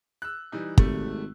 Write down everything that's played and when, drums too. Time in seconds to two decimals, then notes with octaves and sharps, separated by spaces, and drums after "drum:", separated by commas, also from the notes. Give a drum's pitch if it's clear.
0.22 E6 F#6
0.52 E3 G3 D#4
0.78 G#1 C3 G3 A3, drum: kick